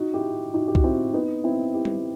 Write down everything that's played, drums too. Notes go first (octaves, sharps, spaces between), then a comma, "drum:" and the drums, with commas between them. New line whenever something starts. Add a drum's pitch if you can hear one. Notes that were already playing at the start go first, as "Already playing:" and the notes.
Already playing: D#4 F#4
E4 G4
D#4 F#4
G4
F#4, drum: kick
C4 E4
B3 D#4
C4 E4
E4 G4
drum: tom G3